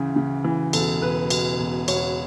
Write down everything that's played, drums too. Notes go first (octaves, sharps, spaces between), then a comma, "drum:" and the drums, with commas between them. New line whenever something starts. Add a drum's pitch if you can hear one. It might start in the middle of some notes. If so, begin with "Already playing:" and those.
Already playing: D2 C#3 E3
C#3
E3
E1 A4, drum: cymbal
E1 B4
B2, drum: cymbal
E1
E1 C#5, drum: cymbal